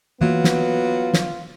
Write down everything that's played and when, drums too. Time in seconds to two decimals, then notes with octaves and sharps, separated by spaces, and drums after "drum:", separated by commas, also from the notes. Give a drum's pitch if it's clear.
0.21 E3 F#3 A#3 B3 F4
0.44 drum: snare
1.13 drum: snare